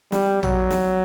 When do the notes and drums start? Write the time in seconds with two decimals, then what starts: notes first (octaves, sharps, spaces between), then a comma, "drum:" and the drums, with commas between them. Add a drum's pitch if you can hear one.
0.12 G3, drum: snare
0.43 F#3, drum: tom A#1
0.71 drum: snare